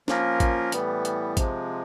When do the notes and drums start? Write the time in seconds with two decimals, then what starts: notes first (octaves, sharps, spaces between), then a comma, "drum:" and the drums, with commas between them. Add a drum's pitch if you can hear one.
0.08 F3 A#3 C#4 F4 A#4, drum: snare
0.40 drum: kick, hi-hat
0.72 A2 E3 G3 B3, drum: hi-hat
1.05 drum: hi-hat
1.37 C3 F3 G#3, drum: kick, hi-hat